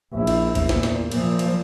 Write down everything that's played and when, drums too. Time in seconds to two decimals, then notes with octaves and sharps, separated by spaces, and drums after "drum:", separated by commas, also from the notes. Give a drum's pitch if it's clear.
0.12 A#1 E4
0.27 drum: cymbal
0.55 drum: kick G#1, cymbal
0.69 E2 A#2, drum: snare
0.83 drum: snare
1.12 A#2 F3, drum: cymbal
1.39 drum: cymbal